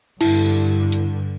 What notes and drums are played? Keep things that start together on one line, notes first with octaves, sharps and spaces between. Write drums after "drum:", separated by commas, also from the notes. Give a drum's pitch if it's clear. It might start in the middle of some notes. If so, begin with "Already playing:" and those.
G2 D3 E4, drum: cymbal
drum: hi-hat